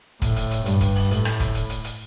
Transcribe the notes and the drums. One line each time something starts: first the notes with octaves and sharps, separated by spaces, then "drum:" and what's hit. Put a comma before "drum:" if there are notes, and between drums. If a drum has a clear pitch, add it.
A2, drum: kick, hi-hat
drum: hi-hat
drum: hi-hat
G2, drum: hi-hat
drum: kick, hi-hat
drum: open hi-hat
A2, drum: hi-hat
drum: rim click
drum: kick, hi-hat
drum: hi-hat
drum: hi-hat
drum: hi-hat